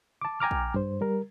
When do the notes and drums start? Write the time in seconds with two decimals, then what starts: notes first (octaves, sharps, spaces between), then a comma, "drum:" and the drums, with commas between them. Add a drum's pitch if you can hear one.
0.21 A5 D6
0.40 G5 G#5 A#5 D6 F6
0.51 drum: kick A#1
0.74 G2 C5
1.01 G3 A#4